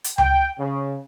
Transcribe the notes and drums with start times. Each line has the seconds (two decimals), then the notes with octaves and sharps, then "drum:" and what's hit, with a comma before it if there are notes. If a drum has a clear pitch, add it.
0.04 drum: hi-hat
0.18 G5, drum: tom C#2
0.59 C#3